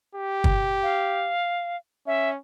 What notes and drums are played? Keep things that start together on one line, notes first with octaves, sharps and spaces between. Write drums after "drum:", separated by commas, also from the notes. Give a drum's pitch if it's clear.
G4
drum: kick
F5
C#4 E5